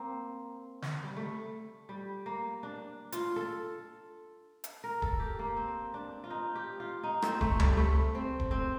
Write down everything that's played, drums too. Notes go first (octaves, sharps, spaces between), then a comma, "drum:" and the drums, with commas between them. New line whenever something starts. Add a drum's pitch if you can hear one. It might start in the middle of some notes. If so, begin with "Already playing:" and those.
Already playing: A#3 C4
drum: snare
G3
A3
G3
A#3
D4
F4, drum: hi-hat
A4
drum: hi-hat
A#4
A4, drum: kick D#1
G4
A#3
C4
D4
F4
D#4
G4
F4
D#4
C4, drum: rim click
A3, drum: kick D#1
G3, drum: tom C#2
A3
C4
drum: kick D#1
C4